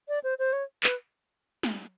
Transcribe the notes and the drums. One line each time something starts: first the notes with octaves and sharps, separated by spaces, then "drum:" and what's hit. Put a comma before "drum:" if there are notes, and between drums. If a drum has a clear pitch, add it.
D5
C5
C5
C#5
B4, drum: clap
drum: snare